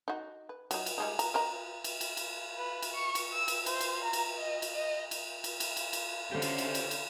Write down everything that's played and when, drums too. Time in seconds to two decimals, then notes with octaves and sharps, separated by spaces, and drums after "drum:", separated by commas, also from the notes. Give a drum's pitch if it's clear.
0.08 D#4 F#4
0.49 B4
0.71 F#3 D#4, drum: cymbal
0.86 drum: cymbal
0.98 G3 G#3 D#4
1.19 A#5, drum: cymbal
1.34 A#4 D#5 A#5
1.84 drum: cymbal
2.01 drum: cymbal
2.17 drum: cymbal
2.57 B4
2.82 drum: cymbal
2.94 C#6
3.15 drum: cymbal
3.32 E6
3.48 drum: cymbal
3.66 C5, drum: cymbal
3.81 drum: cymbal
4.04 A#5
4.13 drum: cymbal
4.38 D#5
4.62 drum: cymbal
4.74 D#5
5.11 drum: cymbal
5.44 drum: cymbal
5.60 drum: cymbal
5.77 drum: cymbal
5.93 drum: cymbal
6.32 D3 C#4 G4 A4 C5
6.42 drum: cymbal
6.58 drum: cymbal
6.75 drum: cymbal
6.91 drum: cymbal